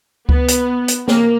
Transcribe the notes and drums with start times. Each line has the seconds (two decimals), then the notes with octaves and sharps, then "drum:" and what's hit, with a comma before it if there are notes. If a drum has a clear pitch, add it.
0.29 B3, drum: kick C#2
0.48 drum: hi-hat
0.88 drum: hi-hat
1.08 A#3, drum: snare